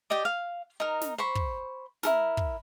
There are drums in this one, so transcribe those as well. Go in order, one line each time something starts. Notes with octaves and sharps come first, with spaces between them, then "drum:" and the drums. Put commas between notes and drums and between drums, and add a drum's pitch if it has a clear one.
G4 D5 D#5 D6
F5
D#4 A#4
drum: snare
C5 B5 C#6
drum: kick
E4 A4 A#4, drum: snare
drum: kick